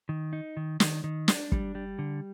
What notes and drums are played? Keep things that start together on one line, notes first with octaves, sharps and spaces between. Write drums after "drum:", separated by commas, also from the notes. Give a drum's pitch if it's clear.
D#3
D#4
D#3
D#3, drum: snare
D#3
D4, drum: snare
G3, drum: kick
G3
D3